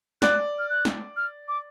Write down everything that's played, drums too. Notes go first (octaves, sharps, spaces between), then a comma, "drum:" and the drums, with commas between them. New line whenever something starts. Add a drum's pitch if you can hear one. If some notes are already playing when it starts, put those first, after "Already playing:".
D5 F#6, drum: snare
F6
F#6
drum: snare
F6
D6